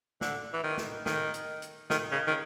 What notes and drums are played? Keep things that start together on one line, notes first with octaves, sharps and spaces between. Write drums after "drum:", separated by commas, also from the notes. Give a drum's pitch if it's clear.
D3, drum: snare
E3
D#3
drum: snare
D#3, drum: snare
drum: hi-hat
drum: hi-hat
D#3, drum: snare
C#3
D#3